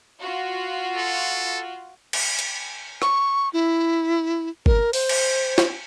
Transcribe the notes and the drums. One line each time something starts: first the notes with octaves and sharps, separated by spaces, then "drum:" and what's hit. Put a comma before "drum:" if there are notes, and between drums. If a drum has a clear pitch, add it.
F4 F#4
A4
drum: cymbal
drum: hi-hat
C#6, drum: rim click
E4
A#4, drum: kick G1
C5, drum: open hi-hat
drum: cymbal
drum: snare